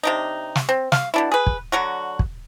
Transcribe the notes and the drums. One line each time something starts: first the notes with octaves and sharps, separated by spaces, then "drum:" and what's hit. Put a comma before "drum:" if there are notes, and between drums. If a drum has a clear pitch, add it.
C3 D4 D#4
drum: snare
C4
F5, drum: snare
B2 D4 E4
G#4 B4
drum: kick
D3 F#3 F#4
drum: kick